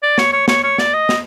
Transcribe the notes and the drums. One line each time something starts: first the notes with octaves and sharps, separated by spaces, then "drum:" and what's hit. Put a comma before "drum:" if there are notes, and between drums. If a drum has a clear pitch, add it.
D5
C#5, drum: snare
C#5
C#5, drum: snare
C#5
D5, drum: snare
D#5
drum: snare